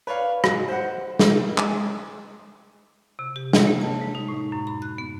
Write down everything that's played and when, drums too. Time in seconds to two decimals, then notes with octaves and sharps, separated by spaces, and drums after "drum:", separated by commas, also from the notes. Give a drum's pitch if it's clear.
0.07 B4 C#5 D5 F5
0.44 G#2 F#3, drum: rim click
0.68 C5 F#5
1.19 drum: snare
1.58 G#3, drum: clap
3.19 C3
3.36 G4
3.53 C#5, drum: snare
3.67 A#3
3.81 A5
4.01 G#3
4.15 D#4
4.28 A2
4.52 F#2
4.67 B5
4.82 F#6
4.98 B3